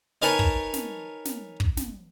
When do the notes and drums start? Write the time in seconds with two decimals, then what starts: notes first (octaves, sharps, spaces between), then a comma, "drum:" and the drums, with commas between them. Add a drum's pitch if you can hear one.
0.22 D#4 A#4 B4 C#5 G#5 A5
0.39 drum: kick
0.74 drum: snare
1.25 drum: snare
1.60 drum: kick
1.77 drum: snare